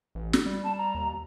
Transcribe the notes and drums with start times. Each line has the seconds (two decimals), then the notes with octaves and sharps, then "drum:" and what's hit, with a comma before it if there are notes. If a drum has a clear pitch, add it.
0.15 A1
0.33 drum: snare
0.46 G3
0.64 A5
0.78 A#5
0.95 D#2